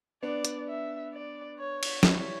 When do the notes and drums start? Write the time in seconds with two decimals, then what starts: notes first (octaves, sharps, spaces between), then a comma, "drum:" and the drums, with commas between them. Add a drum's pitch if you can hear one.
0.23 B3 D4 D5
0.45 drum: hi-hat
0.68 E5
1.13 D5
1.59 C#5
1.83 drum: cymbal
2.03 E3 G3 C#5, drum: snare